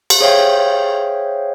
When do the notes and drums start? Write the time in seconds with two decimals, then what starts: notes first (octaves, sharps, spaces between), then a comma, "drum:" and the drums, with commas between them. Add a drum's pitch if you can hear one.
0.10 drum: cymbal
0.21 G#4 C5 C#5 E5 F5 G5